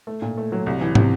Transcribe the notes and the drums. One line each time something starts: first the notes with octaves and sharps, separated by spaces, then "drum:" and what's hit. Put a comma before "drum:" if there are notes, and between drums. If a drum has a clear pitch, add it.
A3
A#2
A3
F#3
C2
E3
C3, drum: tom